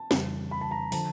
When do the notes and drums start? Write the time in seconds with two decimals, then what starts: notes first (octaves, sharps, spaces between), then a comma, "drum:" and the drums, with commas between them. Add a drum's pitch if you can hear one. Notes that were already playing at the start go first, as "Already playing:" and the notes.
Already playing: A5
0.11 F2 C#3 E3 G3, drum: snare
0.51 B5
0.61 A5
0.71 A#5
0.92 D3 F3 A5, drum: open hi-hat